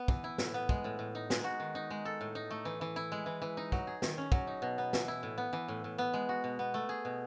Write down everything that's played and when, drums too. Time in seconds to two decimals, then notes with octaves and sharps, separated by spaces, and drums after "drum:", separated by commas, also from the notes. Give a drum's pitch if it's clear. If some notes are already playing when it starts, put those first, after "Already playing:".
Already playing: B3
0.08 E3, drum: kick
0.24 E4
0.38 A2, drum: snare
0.54 B3
0.69 G#3, drum: kick
0.84 A2
0.99 A2
1.15 D#4
1.30 G#3, drum: snare
1.44 F#4
1.60 D#3
1.75 D#4
1.90 G#3
2.05 A4
2.21 A2
2.35 D#4
2.51 A3
2.65 E3
2.81 E3
2.96 E4
3.12 G#3
3.26 E3
3.42 E3
3.57 D#4
3.72 F#3, drum: kick
3.87 G#4
4.02 D#3, drum: snare
4.18 C#4
4.32 F#3, drum: kick
4.47 D#4
4.62 B2
4.78 B3
4.93 E3, drum: snare
5.08 E4
5.23 A2
5.38 B3
5.53 E3
5.68 A2
5.84 A2
5.98 B3
6.14 G#3
6.29 F#4
6.44 B2
6.59 B3
6.74 A3
6.89 G#4
7.05 B2